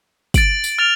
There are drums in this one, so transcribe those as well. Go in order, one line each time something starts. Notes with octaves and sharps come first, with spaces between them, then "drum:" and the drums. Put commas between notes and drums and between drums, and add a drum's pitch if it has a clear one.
A6 D7 F#7, drum: kick, tambourine
drum: tambourine
F6 A6 D7 F7